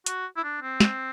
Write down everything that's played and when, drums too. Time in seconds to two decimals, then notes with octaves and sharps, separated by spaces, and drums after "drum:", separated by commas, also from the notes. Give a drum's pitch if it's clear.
0.06 F#4, drum: hi-hat
0.36 E4
0.44 D4
0.62 C4
0.80 drum: snare